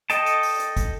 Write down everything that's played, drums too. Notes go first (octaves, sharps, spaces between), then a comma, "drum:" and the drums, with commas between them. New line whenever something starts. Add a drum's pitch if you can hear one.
A4 D#5 G5 A5, drum: hi-hat
drum: hi-hat
drum: open hi-hat
drum: hi-hat
drum: kick, hi-hat